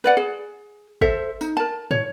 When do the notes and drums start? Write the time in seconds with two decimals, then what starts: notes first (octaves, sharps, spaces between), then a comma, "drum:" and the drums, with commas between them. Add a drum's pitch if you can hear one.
0.04 B4 D5 F#5
0.17 G#4
1.01 A4 C5 E5, drum: kick
1.41 D#4, drum: tambourine
1.57 A#4 A5
1.91 C#5, drum: tom